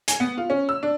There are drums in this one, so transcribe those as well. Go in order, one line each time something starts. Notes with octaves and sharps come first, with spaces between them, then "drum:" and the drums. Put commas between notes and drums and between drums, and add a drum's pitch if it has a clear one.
G#5, drum: hi-hat
B3
F4
C#4
E6
D4